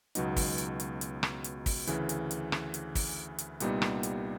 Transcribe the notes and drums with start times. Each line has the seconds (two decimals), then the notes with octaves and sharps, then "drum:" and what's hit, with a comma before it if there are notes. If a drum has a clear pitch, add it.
0.15 C#2 B2 F#3 B3 D#4, drum: hi-hat
0.36 drum: kick, open hi-hat
0.58 drum: hi-hat
0.80 drum: hi-hat
1.01 drum: hi-hat
1.23 drum: rim click
1.44 drum: hi-hat
1.66 drum: kick, open hi-hat
1.87 D2 C#3 E3, drum: hi-hat
2.09 drum: hi-hat
2.31 drum: hi-hat
2.52 drum: rim click
2.74 drum: hi-hat
2.95 drum: kick, open hi-hat
3.38 drum: hi-hat
3.60 C2 A#2 G3 B3 D#4, drum: hi-hat
3.82 drum: rim click
4.03 drum: hi-hat